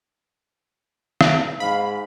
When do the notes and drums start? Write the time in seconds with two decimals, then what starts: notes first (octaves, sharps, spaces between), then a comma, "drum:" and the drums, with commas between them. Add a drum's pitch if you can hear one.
1.21 drum: rim click
1.60 G#2 F5 B5